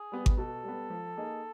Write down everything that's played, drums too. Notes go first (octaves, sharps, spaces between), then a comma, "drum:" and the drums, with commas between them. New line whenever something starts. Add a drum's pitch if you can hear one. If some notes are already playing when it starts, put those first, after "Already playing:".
Already playing: G#4
G3 B3
drum: kick G#1
B2 A4
G3 B3
F3
A#3 D#4 G#4